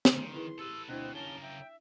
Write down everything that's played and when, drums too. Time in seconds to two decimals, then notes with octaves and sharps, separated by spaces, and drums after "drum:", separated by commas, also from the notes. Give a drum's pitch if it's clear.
0.05 drum: snare
0.18 D#3 C6
0.35 E4 G#4 B4
0.59 G4 A4 B4 E6
0.89 D2 B2 C4 D4 E4 F#6
1.15 D#2 C#3 C#4 A#4 A5 G7
1.42 E5 G5